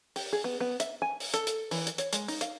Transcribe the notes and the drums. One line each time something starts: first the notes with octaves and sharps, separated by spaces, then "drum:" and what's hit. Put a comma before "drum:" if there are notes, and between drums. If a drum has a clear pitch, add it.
G4, drum: open hi-hat
G#4
B3
B3
E5, drum: hi-hat
G#5
drum: open hi-hat
A4, drum: hi-hat
drum: hi-hat
E3, drum: open hi-hat
drum: hi-hat
C#5, drum: hi-hat
G#3, drum: hi-hat
D#4, drum: open hi-hat
F5, drum: hi-hat